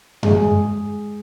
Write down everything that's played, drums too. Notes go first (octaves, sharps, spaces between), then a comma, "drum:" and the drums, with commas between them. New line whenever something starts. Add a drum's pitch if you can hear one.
G#3 G#4, drum: tom F#2